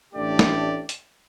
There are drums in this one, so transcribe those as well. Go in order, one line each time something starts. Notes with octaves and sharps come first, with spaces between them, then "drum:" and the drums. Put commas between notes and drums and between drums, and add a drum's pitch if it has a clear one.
A1 A3 D4 G4 D5
drum: snare
drum: hi-hat